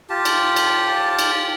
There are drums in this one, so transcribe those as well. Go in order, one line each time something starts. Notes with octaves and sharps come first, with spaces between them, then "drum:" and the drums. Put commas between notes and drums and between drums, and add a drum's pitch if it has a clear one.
F4 G4 A5
drum: cymbal
drum: cymbal
drum: cymbal